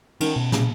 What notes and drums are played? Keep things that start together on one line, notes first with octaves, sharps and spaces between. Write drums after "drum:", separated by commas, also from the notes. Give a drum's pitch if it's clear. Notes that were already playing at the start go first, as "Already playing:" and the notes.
D#3 C#4, drum: cymbal
B2
A#2 C#3, drum: snare